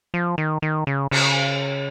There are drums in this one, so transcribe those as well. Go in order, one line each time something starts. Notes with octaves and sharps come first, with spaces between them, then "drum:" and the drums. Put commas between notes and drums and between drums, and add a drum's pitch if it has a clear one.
F3
D#3
D#3
C#3
C#3, drum: cymbal